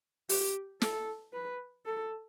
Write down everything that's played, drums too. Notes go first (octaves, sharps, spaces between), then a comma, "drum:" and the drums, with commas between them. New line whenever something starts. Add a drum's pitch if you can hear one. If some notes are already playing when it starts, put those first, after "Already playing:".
G4, drum: open hi-hat
A4, drum: snare
B4
A4